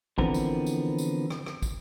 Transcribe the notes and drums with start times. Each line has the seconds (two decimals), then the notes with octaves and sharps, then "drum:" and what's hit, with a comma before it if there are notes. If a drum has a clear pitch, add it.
0.18 D3 E3 F3 B3 C4 A#4, drum: kick
0.34 drum: tambourine
0.66 drum: tambourine
0.98 drum: tambourine
1.30 drum: rim click
1.46 drum: rim click
1.62 drum: kick, tambourine